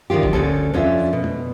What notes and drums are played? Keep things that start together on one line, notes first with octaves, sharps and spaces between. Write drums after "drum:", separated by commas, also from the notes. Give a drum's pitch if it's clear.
D2 D#3 F3 F4 G4
drum: kick
D2 C#4 A4
F2 C#4 D4 F4 A4 E5
B2
drum: tom